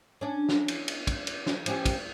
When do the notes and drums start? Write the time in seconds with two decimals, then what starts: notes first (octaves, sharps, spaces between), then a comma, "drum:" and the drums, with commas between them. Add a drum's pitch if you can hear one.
0.21 C#4 D4
0.49 drum: snare
0.68 drum: cymbal
0.88 drum: cymbal
1.07 drum: kick, cymbal
1.27 drum: cymbal
1.46 drum: snare
1.66 F3 C#4 G4, drum: cymbal
1.86 drum: kick, cymbal